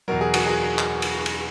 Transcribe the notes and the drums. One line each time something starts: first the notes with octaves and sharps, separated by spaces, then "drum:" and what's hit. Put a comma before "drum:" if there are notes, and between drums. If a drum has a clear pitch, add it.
E2 B2 F#3 A#4
G#4
F#4, drum: cymbal
G#4
drum: clap
drum: cymbal
drum: cymbal